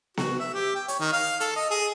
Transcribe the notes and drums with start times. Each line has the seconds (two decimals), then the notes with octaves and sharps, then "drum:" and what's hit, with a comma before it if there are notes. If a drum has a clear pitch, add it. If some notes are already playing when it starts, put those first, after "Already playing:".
0.17 F#4, drum: snare B3
0.40 E5
0.54 G4
0.76 G5
0.88 C#5, drum: hi-hat
1.00 D#3
1.13 F5
1.40 A4, drum: hi-hat
1.56 D#5
1.71 G#4